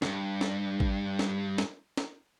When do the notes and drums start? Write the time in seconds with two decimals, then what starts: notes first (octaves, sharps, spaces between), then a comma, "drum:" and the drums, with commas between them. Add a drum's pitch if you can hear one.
0.02 D2 G2, drum: snare
0.41 drum: snare
0.80 drum: kick G#1
1.19 drum: snare
1.58 drum: snare
1.97 drum: snare